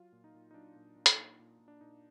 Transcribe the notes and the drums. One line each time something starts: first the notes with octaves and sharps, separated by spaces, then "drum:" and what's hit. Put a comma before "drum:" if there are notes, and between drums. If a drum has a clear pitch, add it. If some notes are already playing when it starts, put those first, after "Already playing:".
Already playing: F#3 F4
A#2
D#4
A#2
D#4
F#3 D4
A#2
A#2
drum: hi-hat
A#2 D#4
A#2
A#2
D4
A#2 D#4